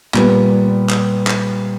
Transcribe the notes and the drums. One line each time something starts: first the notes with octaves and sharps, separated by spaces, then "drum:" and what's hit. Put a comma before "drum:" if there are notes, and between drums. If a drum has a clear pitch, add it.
A#2 G3 B3, drum: clap
drum: clap
drum: clap